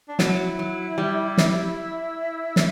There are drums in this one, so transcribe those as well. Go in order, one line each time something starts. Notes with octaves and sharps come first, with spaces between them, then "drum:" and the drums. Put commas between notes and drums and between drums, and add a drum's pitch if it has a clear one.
D4
F#3 E4, drum: snare
F#3
G3
drum: snare
drum: snare